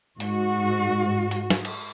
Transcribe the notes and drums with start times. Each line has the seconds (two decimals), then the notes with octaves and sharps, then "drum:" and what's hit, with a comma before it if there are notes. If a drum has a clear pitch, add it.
0.20 G#2 F#4, drum: open hi-hat
1.31 drum: open hi-hat
1.50 drum: snare
1.65 drum: cymbal